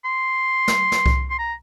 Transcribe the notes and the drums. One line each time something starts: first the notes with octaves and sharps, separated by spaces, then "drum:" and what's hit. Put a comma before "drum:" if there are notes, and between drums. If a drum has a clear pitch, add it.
C6
drum: snare
drum: snare
drum: kick C2
C6
A#5